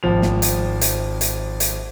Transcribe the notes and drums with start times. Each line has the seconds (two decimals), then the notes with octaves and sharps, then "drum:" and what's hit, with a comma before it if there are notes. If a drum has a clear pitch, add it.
0.03 G#1 F3 F7
0.22 drum: snare
0.42 drum: hi-hat
0.81 drum: hi-hat
1.21 drum: hi-hat
1.60 drum: hi-hat